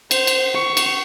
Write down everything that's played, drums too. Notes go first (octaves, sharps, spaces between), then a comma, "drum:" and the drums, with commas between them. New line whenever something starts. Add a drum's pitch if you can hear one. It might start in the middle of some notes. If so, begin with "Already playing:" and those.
C5, drum: cymbal
drum: cymbal
C#6
drum: cymbal